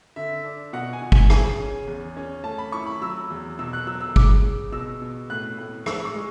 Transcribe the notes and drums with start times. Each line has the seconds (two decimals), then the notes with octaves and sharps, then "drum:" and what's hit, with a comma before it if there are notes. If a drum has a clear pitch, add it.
0.16 D3 E5
0.44 D4
0.73 B2 F#5
0.93 G#5
1.02 B2
1.12 G#5, drum: kick
1.30 C#3 G#5, drum: rim click
1.60 C#4
1.87 E2
2.17 C#4
2.44 A3 A5
2.58 B5
2.72 E4 C#6
2.87 B5
3.01 F#3 E6
3.30 E2
3.59 B2 E6
3.73 F#6
3.87 F#3 E6
4.01 E6
4.16 C#3 D6, drum: kick
4.43 C#3
4.72 B2 E6
5.01 B2
5.30 A2 F#6
5.58 A2
5.86 G#3 E6, drum: rim click
6.05 C#6
6.15 G#3